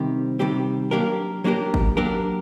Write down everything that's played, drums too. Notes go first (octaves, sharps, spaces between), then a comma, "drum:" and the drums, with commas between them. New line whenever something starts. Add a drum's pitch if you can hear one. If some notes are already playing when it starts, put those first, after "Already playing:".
Already playing: C3 D#3 G3 C4 G4
C3 D#3 G3 C4 G4
F#3 A#3 D4 G4 A#4
F#3 A#3 D4 G4 A#4
drum: kick
F#3 A#3 D4 G4 A#4